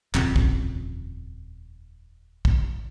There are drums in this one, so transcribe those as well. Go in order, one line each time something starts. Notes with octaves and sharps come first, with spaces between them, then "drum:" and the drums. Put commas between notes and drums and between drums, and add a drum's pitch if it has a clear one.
D#1 F2 C#3, drum: clap
drum: kick
drum: kick